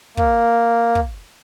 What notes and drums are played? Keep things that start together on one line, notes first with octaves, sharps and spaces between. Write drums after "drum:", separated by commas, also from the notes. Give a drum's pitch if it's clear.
A#3, drum: kick
drum: kick